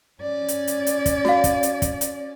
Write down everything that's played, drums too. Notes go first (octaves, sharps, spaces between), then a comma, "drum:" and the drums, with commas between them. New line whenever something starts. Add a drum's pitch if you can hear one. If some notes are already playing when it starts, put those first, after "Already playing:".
C#4 D5
drum: hi-hat
drum: hi-hat
drum: hi-hat
drum: kick, hi-hat
F#4 F5, drum: snare
drum: kick, hi-hat
drum: hi-hat
drum: kick, hi-hat
drum: hi-hat